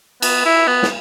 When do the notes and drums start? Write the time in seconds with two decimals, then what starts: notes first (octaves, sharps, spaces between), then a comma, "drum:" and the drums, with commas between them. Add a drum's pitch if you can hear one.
0.22 B3, drum: cymbal
0.45 E4
0.67 B3
0.83 drum: snare